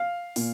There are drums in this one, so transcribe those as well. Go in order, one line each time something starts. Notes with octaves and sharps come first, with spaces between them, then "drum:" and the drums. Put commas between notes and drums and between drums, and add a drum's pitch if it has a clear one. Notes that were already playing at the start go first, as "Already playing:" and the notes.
Already playing: F5
A#2, drum: open hi-hat